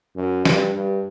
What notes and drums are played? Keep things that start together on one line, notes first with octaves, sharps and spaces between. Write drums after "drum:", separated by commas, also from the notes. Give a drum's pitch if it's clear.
F#2
G2, drum: snare
G2